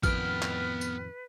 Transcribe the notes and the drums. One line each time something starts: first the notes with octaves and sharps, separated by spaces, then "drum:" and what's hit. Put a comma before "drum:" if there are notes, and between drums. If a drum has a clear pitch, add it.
F2 A2 D#3 B3 B4 G5 F6, drum: kick A1, tambourine
drum: clap
drum: tambourine